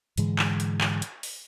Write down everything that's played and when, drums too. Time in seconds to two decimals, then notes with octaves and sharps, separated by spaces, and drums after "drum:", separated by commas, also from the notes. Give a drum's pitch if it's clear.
0.18 G#2 D3 E3 G#3, drum: hi-hat
0.39 drum: clap
0.60 drum: hi-hat
0.81 drum: clap
1.02 drum: hi-hat
1.23 drum: open hi-hat